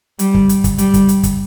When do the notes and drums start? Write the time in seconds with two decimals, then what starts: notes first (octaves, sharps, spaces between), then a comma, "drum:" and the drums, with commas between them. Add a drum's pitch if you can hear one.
0.19 G3, drum: hi-hat
0.34 drum: kick
0.49 drum: hi-hat
0.64 drum: kick, hi-hat
0.78 G3, drum: hi-hat
0.94 drum: kick, hi-hat
1.09 drum: hi-hat
1.23 drum: kick, hi-hat